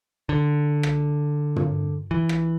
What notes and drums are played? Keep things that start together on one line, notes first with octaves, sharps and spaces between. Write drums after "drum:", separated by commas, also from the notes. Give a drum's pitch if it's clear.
D3
drum: rim click
drum: tom
E3
drum: rim click